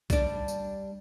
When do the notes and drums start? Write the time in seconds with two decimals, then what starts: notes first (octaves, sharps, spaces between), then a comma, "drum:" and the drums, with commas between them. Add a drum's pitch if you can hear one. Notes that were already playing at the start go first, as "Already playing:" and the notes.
0.10 G3 D4, drum: kick, tambourine
0.48 drum: tambourine